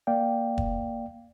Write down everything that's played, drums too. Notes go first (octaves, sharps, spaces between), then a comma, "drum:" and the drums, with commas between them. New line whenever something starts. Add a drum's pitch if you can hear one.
A#3 D5 F5 G5
drum: kick